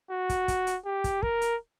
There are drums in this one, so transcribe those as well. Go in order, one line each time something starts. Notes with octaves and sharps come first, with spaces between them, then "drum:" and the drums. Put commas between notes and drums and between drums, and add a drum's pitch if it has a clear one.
F#4
drum: kick, hi-hat
drum: kick, hi-hat
drum: hi-hat
G4
drum: kick, hi-hat
A#4, drum: kick
drum: hi-hat